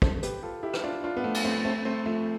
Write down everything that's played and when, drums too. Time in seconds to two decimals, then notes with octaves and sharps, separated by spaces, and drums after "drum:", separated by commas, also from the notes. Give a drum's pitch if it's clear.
0.02 A4 C5, drum: kick
0.23 G4 B4, drum: hi-hat
0.43 F4 A4
0.63 E4 G4
0.74 drum: rim click
0.84 D4 F4
1.04 D4 F4
1.17 B3
1.24 F3 A3
1.34 drum: cymbal
1.45 A3 C4
1.65 A3 C4
1.85 A3 C4
2.06 F3 A3